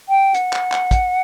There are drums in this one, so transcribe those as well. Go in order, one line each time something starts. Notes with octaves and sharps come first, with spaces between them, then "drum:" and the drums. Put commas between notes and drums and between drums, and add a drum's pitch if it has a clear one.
G5
F#5, drum: hi-hat
drum: clap
drum: clap
drum: kick, hi-hat